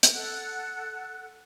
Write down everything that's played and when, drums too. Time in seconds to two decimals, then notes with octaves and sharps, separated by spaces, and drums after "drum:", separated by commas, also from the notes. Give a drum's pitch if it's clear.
0.03 drum: hi-hat
0.14 A4 F#5 F#6